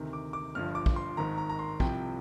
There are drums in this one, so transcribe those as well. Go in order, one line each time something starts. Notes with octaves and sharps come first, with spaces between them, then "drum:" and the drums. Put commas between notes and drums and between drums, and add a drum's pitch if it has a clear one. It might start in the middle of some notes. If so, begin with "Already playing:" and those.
Already playing: D2 C3 D#3
D6
D6
G1 G2 F3 F6
D6
drum: kick
C6
G#1 G#2 D#3 A#5
A#5
A#5
C6
C2 C3 F3 G5, drum: kick